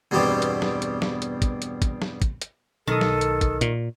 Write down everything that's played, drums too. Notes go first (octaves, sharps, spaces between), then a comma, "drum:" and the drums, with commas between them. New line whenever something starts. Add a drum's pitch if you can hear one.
E2 G2 B2 G3 C4 G4
drum: hi-hat
drum: snare
drum: hi-hat
drum: snare
drum: hi-hat
drum: kick, hi-hat
drum: hi-hat
drum: kick, hi-hat
drum: snare
drum: kick, hi-hat
drum: hi-hat
B1 D#3 A4 D#6
drum: snare
drum: hi-hat
drum: kick, hi-hat
A#2, drum: hi-hat